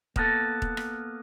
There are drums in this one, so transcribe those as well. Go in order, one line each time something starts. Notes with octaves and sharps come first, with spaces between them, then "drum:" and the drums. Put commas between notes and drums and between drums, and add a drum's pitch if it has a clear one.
A#3 B3 A4, drum: kick D#1
drum: kick D#1
drum: rim click